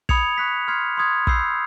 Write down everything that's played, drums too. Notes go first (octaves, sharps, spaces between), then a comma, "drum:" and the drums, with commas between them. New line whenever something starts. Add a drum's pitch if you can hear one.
B5 D#6 G#6 C#7 F7, drum: kick
C#6 F#6 B6
C6 F6 G#6 C7
C6 D#6 G#6
B5 E6 G6 C7, drum: kick